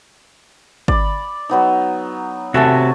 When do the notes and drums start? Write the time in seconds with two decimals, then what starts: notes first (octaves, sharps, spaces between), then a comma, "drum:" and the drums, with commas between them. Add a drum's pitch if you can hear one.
0.88 D5 B5, drum: kick
1.49 F#3 B3 D#4
2.54 C3 A3 F#4 E5 G#5 A5